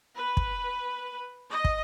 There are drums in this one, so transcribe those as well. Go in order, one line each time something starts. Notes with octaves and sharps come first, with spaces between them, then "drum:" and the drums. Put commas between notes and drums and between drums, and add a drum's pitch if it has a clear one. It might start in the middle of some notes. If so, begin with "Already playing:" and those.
B4
drum: kick
D#5
drum: kick